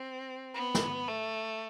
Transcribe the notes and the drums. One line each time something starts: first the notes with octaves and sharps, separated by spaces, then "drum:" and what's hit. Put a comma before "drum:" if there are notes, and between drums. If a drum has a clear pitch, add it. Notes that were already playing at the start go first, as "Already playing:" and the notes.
Already playing: C4
B3
drum: snare
A3